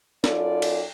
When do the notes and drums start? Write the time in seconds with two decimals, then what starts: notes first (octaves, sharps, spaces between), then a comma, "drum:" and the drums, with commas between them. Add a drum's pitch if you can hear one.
0.24 F#2 D#4 F4 A4 D5, drum: snare
0.62 drum: cymbal